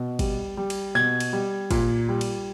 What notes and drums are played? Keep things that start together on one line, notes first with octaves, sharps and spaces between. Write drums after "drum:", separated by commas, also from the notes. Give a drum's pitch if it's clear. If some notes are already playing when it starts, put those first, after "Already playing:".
Already playing: B2
G3, drum: kick, cymbal
G3
drum: cymbal
B2 G#6
drum: cymbal
G3
A#2, drum: kick, cymbal
G3
drum: cymbal